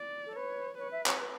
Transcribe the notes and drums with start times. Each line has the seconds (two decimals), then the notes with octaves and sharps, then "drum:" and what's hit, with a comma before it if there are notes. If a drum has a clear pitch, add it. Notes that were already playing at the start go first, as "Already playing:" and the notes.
Already playing: D5
0.26 A4
0.36 B4 C#5
0.78 B4 C#5
0.91 E5
1.06 C#5, drum: clap
1.20 B4